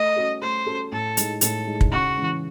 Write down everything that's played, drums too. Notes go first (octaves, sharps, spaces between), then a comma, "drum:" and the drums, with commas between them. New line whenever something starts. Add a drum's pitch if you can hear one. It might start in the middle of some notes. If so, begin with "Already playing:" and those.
Already playing: A3 D#5
C#4 F#4 A4
A3 C5
C#4 F#4 A4
A2 A4
G#3 D#4, drum: hi-hat
A2 A4, drum: hi-hat
G#3 D#4
drum: kick
C#3 F#4
E3 G#3 C#4